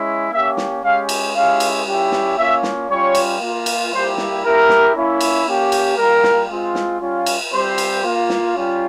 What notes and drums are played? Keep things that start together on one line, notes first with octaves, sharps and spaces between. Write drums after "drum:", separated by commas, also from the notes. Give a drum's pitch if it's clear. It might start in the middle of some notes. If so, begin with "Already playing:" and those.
Already playing: G#3 C#4 E4
A#3 C#4 G4 E5
drum: snare
G#3 C#4 G4 F5
drum: cymbal
G#3 C#4 E4 G4 F5
drum: cymbal
G3 C#4 E4 G4
drum: snare
A#3 C#4 F4 E5
drum: snare
G3 C#4 F4 C#5
drum: cymbal
A#3 F4
drum: cymbal
G3 A#3 E4 G4 C5
drum: snare
A#3 E4 G4 A#4
drum: snare
A#3 C#4 E4
drum: cymbal
A#3 C#4 G4
drum: cymbal
G3 A#3 F4 A#4
drum: snare
G#3 C4 F4
drum: snare
G3 C#4 F4
drum: cymbal
G3 C4 G4 C5
drum: cymbal
A#3 F4
drum: snare
G3 C#4 F4